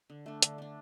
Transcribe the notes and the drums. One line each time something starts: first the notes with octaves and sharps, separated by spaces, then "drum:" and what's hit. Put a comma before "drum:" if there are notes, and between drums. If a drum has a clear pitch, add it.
D3
A3 D4
D3, drum: hi-hat
A3 D4